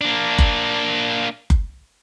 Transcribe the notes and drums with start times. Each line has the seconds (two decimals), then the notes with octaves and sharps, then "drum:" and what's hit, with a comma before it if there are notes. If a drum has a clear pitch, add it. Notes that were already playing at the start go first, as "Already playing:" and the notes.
0.01 A#3 D4
0.38 drum: kick F#1
1.50 drum: kick F#1